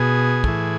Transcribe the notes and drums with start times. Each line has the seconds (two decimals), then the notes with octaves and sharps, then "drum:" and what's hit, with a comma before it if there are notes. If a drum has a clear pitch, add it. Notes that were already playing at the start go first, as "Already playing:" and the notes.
Already playing: B2 G#4
0.44 A2 E3, drum: kick